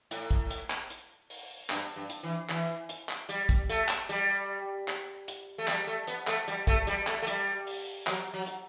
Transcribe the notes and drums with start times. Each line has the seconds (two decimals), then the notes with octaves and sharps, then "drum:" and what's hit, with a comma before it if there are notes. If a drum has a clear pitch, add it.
0.11 A2, drum: hi-hat
0.31 drum: kick
0.51 drum: hi-hat
0.70 drum: clap
0.90 drum: hi-hat
1.30 drum: open hi-hat
1.70 G2, drum: clap
1.96 G2
2.10 drum: hi-hat
2.23 E3
2.50 E3, drum: clap
2.89 drum: hi-hat
3.09 drum: clap
3.29 G3, drum: hi-hat
3.49 drum: kick
3.69 A3, drum: hi-hat
3.89 drum: clap
4.09 G3, drum: hi-hat
4.88 drum: clap
5.28 drum: hi-hat
5.58 A3
5.68 G3, drum: clap
5.87 A3
6.07 B3, drum: hi-hat
6.27 A3, drum: clap
6.48 G3, drum: hi-hat
6.67 A3, drum: kick
6.87 G3, drum: hi-hat
7.07 A3, drum: clap
7.22 A3
7.27 G3, drum: hi-hat
7.67 drum: open hi-hat
8.07 F#3, drum: clap
8.33 F#3
8.46 drum: hi-hat